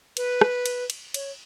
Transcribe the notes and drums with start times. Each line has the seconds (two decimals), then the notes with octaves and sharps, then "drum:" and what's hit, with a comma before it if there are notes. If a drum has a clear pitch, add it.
0.17 B4, drum: cymbal
0.41 drum: rim click
0.66 drum: cymbal
0.90 drum: cymbal
1.14 C#5, drum: cymbal